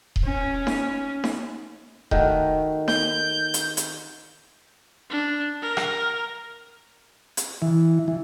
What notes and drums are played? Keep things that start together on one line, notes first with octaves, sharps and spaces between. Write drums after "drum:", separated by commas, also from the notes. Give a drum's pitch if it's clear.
drum: kick D#1
C#4
drum: snare D#4
drum: snare D#4
D#3 A3 F#4, drum: kick D#1
G6, drum: snare D#4
drum: hi-hat
drum: hi-hat
D4
A#4
drum: rim click
drum: hi-hat
E3
E3